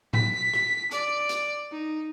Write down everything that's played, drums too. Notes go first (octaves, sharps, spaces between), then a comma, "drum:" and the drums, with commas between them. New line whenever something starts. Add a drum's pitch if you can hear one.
B6, drum: tom A2
drum: rim click
D5, drum: hi-hat
drum: hi-hat
D#4